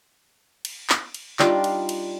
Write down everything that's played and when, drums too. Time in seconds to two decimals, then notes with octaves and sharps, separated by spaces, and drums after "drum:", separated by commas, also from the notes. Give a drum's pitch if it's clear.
0.65 drum: cymbal
0.90 drum: clap
1.14 drum: cymbal
1.39 G3 D4 D#4 F4, drum: clap
1.64 drum: cymbal
1.89 drum: cymbal